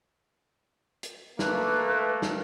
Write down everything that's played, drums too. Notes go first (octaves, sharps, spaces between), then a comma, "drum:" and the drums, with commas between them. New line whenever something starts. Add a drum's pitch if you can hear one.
drum: hi-hat
A3 A#3 B4, drum: snare
drum: snare